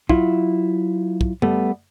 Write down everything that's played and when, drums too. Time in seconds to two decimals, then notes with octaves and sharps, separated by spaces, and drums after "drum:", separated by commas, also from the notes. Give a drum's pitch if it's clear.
0.09 F#3 E4 F4, drum: kick
1.21 drum: kick
1.42 G3 A3 B3, drum: tom F#2